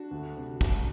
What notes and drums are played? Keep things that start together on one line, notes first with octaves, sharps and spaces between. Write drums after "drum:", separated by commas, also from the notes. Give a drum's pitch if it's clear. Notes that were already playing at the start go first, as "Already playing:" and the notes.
Already playing: D4 F#4
D2
C3
C2, drum: kick, hi-hat